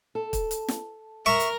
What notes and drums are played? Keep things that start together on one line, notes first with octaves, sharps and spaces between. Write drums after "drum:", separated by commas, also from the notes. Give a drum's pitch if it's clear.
A4
drum: kick, hi-hat
drum: hi-hat
drum: snare
A#4 E5 C#6
drum: hi-hat